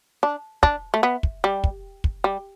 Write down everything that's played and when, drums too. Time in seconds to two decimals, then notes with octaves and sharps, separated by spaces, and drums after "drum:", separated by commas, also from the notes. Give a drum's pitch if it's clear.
0.23 D4
0.63 D4, drum: kick
0.94 A3
1.03 B3
1.23 drum: kick
1.44 G3
1.64 drum: kick
2.04 drum: kick
2.24 G3